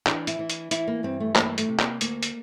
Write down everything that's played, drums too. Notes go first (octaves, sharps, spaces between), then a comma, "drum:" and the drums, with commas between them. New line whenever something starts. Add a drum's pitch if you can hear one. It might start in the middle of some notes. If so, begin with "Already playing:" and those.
E3 D4, drum: clap
E4, drum: hi-hat
E3
drum: hi-hat
E3 E4, drum: hi-hat
A#3
G2 C4
A3
E3 A#3, drum: clap
A3, drum: hi-hat
C3
A#3, drum: clap
D2 A#3, drum: hi-hat
drum: hi-hat